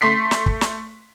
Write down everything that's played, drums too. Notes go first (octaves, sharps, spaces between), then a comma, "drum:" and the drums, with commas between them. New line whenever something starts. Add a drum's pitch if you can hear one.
A3 C6 B6 C7
drum: snare
drum: kick
drum: snare